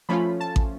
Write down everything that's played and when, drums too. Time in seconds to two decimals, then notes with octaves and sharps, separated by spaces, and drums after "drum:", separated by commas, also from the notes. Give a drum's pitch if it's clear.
0.09 F3 A3 C#4 F4 B5
0.40 A5
0.56 drum: kick A1